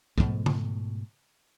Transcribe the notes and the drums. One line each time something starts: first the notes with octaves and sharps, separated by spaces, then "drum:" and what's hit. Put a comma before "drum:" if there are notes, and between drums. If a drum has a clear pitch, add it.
G#2 B2 F3 A3, drum: kick
drum: tom C#3